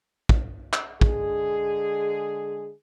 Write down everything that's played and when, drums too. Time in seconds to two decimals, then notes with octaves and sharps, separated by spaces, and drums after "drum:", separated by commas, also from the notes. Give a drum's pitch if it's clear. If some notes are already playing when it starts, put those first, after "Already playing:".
0.29 drum: kick
0.73 drum: clap
1.01 D3 G#3 G#4, drum: kick